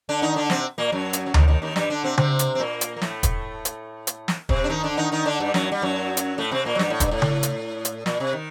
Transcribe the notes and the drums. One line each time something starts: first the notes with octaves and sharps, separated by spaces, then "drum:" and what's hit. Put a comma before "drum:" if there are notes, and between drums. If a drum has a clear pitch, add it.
D3 D4
D#3 D#4
D3 D4
C3 C4, drum: snare
A#2 A#3
F#2 F#3
drum: hi-hat
F#3
D#2 D#3, drum: tom D2
D#2 D#3
D#2 D#3
G2 G3, drum: snare
D3 D4
C3 C4
C3 C4, drum: tom C#3
drum: hi-hat
C4
A#2 A#3
drum: hi-hat
A#3
A2 A3, drum: snare
drum: kick, hi-hat
drum: hi-hat
drum: hi-hat
drum: snare
C3 C4, drum: kick
D4
D#3 D#4
D3 D4
D#3 D#4
D#3 D#4
D3 D4
G2 G3
F#2 F#3, drum: snare
G3
F#2 F#3
drum: hi-hat
A2 A3
C3 C4
A#2 A#3
F#3
G2 G3, drum: snare
A2
G2, drum: kick, hi-hat
A2
drum: tom C#3
drum: hi-hat
drum: hi-hat
A#2, drum: snare
C3
D#3